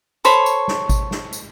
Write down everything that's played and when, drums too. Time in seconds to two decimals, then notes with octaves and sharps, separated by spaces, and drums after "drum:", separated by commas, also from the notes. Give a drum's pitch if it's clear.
0.25 A4 C5 C#5 B5, drum: tambourine
0.46 drum: tambourine
0.68 drum: snare
0.89 drum: kick G#1, tambourine
1.11 drum: snare
1.33 drum: tambourine